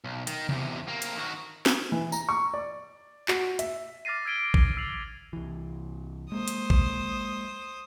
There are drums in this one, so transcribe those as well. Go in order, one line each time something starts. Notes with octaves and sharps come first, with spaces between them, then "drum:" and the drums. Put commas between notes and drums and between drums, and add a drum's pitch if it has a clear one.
B1
D#3, drum: hi-hat
E2 C3, drum: tom C3
A#3 C4
drum: hi-hat
D#3 F#4
drum: snare
E3
A#5, drum: tambourine
C#6
D5
F#4, drum: clap
E5, drum: hi-hat
D6 F6 A6 A#6 C7 D#7
E6 G#6 B6 D7 D#7 G7
D7, drum: kick A1
E6 A6 C7 D7 F7 F#7
C2 E3
G#3 A#3 C5 D#6
drum: hi-hat
drum: kick A1